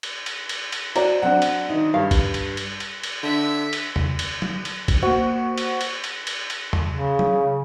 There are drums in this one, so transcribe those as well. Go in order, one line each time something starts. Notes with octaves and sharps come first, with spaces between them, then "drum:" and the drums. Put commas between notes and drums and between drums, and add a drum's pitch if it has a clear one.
drum: cymbal
drum: cymbal
drum: cymbal
drum: cymbal
F#4 C5 D5 A#5, drum: cymbal
F#3 C4 D4 F#5
drum: cymbal
D#3 D#4
G2 F5
drum: kick A#1, cymbal
drum: cymbal
drum: cymbal
drum: cymbal
drum: cymbal
D3 E5
drum: cymbal
drum: tom
drum: cymbal
drum: tom
drum: cymbal
drum: kick A#1, cymbal
A#3 F#4 C5
drum: cymbal
drum: cymbal
drum: cymbal
drum: cymbal
drum: cymbal
drum: tom
C#3
drum: tom